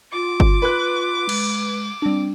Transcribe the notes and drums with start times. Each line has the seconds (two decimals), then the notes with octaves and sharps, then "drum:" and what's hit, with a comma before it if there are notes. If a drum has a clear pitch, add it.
0.12 F4 D6
0.40 drum: kick G1
0.62 B4 F#6
1.29 G#3, drum: cymbal
2.02 G3 C4 D4